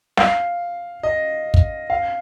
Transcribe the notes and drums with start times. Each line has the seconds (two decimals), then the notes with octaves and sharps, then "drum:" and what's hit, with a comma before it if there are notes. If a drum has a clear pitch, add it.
0.17 F5, drum: snare
1.03 D#5
1.54 drum: kick
1.90 F5